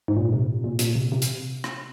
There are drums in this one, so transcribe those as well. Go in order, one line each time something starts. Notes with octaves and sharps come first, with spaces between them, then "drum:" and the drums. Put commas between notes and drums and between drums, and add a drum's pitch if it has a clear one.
G#2
A#2
C3
A#2
A#2, drum: hi-hat
C3
C3
drum: hi-hat
drum: rim click